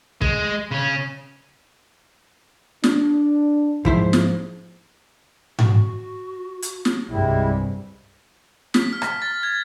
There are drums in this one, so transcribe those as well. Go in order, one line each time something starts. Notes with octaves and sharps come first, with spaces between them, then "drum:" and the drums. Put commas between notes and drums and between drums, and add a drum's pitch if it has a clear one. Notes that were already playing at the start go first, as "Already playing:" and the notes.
G#3, drum: kick
C#3 C#4
D4, drum: snare
G#2 F3 E4 C5, drum: kick
drum: snare
F#4, drum: tom G#2
drum: hi-hat
drum: snare
C2 G2 G3 G#3 E4
B6, drum: snare
F6
drum: rim click
A6
G#6